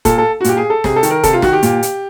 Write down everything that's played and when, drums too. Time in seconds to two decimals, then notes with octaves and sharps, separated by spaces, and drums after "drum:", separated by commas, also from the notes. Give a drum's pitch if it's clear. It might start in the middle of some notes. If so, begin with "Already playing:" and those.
0.05 A#2 A4, drum: kick F1, hi-hat
0.18 A4
0.41 F#4
0.44 A#2 G4, drum: hi-hat
0.57 G#4
0.70 A4
0.84 C3 G#4, drum: snare
0.96 A4
1.03 D#3, drum: hi-hat
1.10 A#4
1.23 C3 A4, drum: kick F1, hi-hat
1.33 F4
1.42 D#3 F#4, drum: snare
1.53 G4
1.63 A#2, drum: hi-hat
1.83 drum: hi-hat